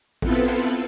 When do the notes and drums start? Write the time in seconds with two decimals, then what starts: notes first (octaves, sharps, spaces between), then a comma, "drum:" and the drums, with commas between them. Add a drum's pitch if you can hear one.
0.22 B3 C4 E4 F4 A4 B4, drum: kick A1